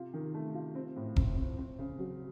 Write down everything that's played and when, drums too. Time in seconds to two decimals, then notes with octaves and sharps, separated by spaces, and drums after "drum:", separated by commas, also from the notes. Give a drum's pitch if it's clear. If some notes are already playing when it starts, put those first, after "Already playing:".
Already playing: C3 F4
0.13 D#3
0.34 A3
0.55 F4
0.75 C4
0.96 A2
1.16 C4, drum: kick E1
1.37 C4
1.58 C4
1.79 C#3
1.99 F#3